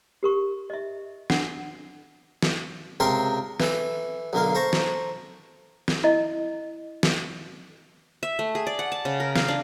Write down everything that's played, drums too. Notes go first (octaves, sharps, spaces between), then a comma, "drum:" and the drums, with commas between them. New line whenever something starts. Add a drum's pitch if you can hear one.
G4 A#4 C#6
D#5 E5
D4 F#5, drum: snare
drum: snare
C#2 C3 A#4 G5 A5 C6
E3 A4, drum: snare
B1 D3 A#3 F5
A4 C5 A#5 C#6
drum: snare
drum: snare
E4 D#5
drum: snare
E5
A3
G#4
D5
F#5
A5
C#3
A#4
F5, drum: snare
D4